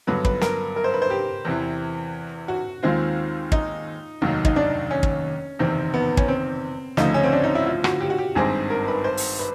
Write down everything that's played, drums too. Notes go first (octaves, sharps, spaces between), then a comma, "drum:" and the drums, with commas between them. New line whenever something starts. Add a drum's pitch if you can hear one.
G2 D3 F#3 B3 B4
B4, drum: kick
A#4, drum: snare
A#4
C5
B4
C5
G4
E2 C3 E3
F#4
D#2 D#3 G#3 C4 F4
D#4, drum: kick
F1 D#2 D#3 F#3
D#4, drum: kick
D4
C#4
drum: kick
F#1 E2 C3 D#3 C4
B3
C#4, drum: kick
C4
D2 C#3 F3 A3 D#4, drum: snare
C#4
C4
D4
D#4
E4
F4
F#4, drum: rim click
G4
F#4
G4
G#1 G2 D#3 G#3 C4 G#4
A#4
B4
C5
drum: open hi-hat
B4